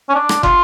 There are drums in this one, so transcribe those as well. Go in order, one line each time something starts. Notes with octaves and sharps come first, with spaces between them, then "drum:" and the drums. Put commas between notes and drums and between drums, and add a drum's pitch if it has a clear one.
C#4
D4
drum: rim click
F4, drum: kick